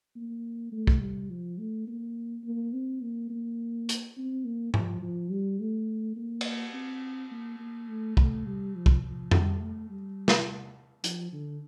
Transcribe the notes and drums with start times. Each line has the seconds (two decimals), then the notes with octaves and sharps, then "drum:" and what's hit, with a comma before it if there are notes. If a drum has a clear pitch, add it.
0.16 A#3
0.72 A3
0.87 drum: kick B1
1.01 G3
1.30 F3
1.58 A3
1.87 A#3
2.44 A#3
2.73 C4
3.02 A#3
3.30 A#3
3.89 drum: hi-hat
4.17 C4
4.45 A#3
4.74 F3, drum: tom G#2
5.02 F3
5.31 G3
5.60 A3
6.16 A#3
6.41 drum: cymbal
6.74 C4
7.31 A#3
7.60 A#3
7.88 A3
8.17 A3, drum: kick B1
8.46 G3
8.75 F3
8.86 drum: kick B1
9.03 F3
9.31 G3, drum: tom F2
9.60 A3
9.90 G3
10.28 drum: snare
11.04 F3, drum: hi-hat
11.33 D3